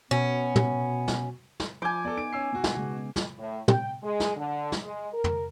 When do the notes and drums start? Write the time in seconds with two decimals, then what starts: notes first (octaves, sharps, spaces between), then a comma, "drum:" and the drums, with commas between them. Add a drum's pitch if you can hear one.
0.11 B2 B3 C#4
0.56 drum: tom
1.08 drum: snare
1.60 drum: snare
1.82 F3 G#5 D6 G6
2.05 B3 A4 D5
2.17 D#4 D7
2.33 C#4 E6 C7
2.52 B2 F#4
2.64 drum: snare
2.77 C#3 G#3 B3
3.16 drum: snare
3.38 A2
3.68 G5, drum: tom
4.03 G#3
4.20 drum: snare
4.37 D3
4.72 drum: snare
4.84 G#3
5.13 A#4
5.24 drum: tom